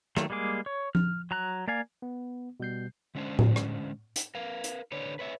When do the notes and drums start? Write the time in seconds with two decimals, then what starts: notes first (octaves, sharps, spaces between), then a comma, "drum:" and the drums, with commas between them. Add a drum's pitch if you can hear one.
0.17 D#3 F#3 A3 A#3, drum: rim click
0.30 G3 G#3 A#3 G#4 D6
0.66 C#5
0.95 F6, drum: tom F3
1.31 F#3 A#5 F#6
1.68 A#3 D5 F5 G#5
2.02 B3
2.60 B2 G3 G6 C7
3.15 D3 G#3 C#4 D4 C5
3.39 drum: tom A2
3.56 drum: rim click
4.16 drum: hi-hat
4.35 A#4 B4 F5
4.64 drum: hi-hat
4.92 D3 B4 C#5 D5
5.19 B4 C#5 E5